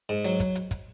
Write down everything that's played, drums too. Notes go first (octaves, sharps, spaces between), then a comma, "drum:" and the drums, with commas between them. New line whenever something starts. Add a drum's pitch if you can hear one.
G#2
F#3, drum: hi-hat
drum: kick, hi-hat
drum: hi-hat
drum: kick, hi-hat